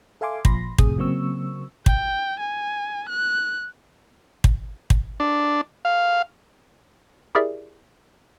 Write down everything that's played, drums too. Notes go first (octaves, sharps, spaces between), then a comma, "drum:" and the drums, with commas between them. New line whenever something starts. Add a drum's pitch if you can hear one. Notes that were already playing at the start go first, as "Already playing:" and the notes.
A4 E5 F5 G#5 C6 D6
A#2 F3 B5 C6 A#6, drum: kick
F2 A2 C3 G#4 D#6, drum: kick
C#3 F#3 A#3 C4 C#6 E6
G5, drum: kick
G#5
F#6
drum: kick
drum: kick
D4
F5
E4 G4 G#4 A#4 D5 E5